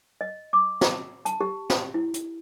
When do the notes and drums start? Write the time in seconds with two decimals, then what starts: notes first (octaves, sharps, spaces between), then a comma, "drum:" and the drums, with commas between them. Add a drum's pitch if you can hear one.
0.21 D#5
0.53 D6
0.81 drum: snare
1.25 A5, drum: hi-hat
1.41 G4
1.70 drum: snare
1.94 E4
2.14 drum: hi-hat